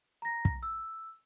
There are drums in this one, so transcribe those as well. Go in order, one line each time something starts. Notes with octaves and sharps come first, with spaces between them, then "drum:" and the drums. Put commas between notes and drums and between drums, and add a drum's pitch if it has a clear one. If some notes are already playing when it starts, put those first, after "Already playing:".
A#5 A#6
drum: kick
E6